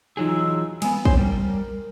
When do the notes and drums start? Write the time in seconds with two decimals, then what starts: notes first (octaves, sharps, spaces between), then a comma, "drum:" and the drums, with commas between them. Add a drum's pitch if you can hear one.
0.17 E3 F#3 D#4 F4 G#4 E6
0.82 G#3 B3 G#5, drum: cymbal
1.05 C5 C#5, drum: kick
1.18 G3 A#4